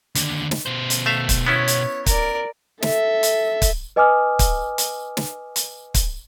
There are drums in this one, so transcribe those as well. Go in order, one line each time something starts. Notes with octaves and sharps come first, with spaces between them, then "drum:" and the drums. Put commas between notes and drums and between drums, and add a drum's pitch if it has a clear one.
D#2 D3, drum: hi-hat
drum: snare
B2 C5
drum: hi-hat
A3 E5 F5
drum: kick, hi-hat
B3 C#4 E4 C#5
drum: hi-hat
A#4 D5, drum: kick, hi-hat
A4 E5, drum: snare
drum: hi-hat
drum: kick, hi-hat
B4 D#5 G#5 D6 D#6 F6
drum: kick, hi-hat
drum: hi-hat
drum: snare
drum: hi-hat
drum: kick, hi-hat